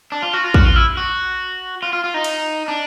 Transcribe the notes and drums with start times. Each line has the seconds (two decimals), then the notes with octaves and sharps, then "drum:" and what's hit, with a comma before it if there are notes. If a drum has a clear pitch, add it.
0.12 D4
0.22 F4
0.33 F#4
0.44 F4
0.54 F#4, drum: kick
0.65 F4
0.76 E4
0.97 F#4
1.83 F4
1.93 F4
2.04 F4
2.14 D#4
2.24 drum: cymbal
2.68 D4